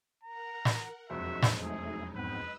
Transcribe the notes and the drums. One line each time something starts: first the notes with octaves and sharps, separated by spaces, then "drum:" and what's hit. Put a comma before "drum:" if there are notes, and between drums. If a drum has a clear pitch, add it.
A#4 F#5 A#5
drum: snare
E1 F2 F#3 G#3 D#4 F#4 C5 E5
drum: snare
A3 G#4
G#2 B3 C4 B4 D#5 E6